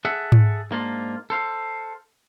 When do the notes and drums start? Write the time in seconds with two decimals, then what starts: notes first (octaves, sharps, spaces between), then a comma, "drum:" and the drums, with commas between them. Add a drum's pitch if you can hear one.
0.05 G#4 A4 E5 F#5
0.32 drum: tom G#2
0.71 G#2 A#3 D4 F4
1.30 A4 C5 F5